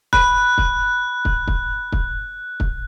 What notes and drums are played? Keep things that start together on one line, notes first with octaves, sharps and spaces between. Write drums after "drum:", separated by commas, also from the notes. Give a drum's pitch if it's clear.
B5 F#6, drum: kick
drum: kick
drum: kick
drum: kick
drum: kick
drum: kick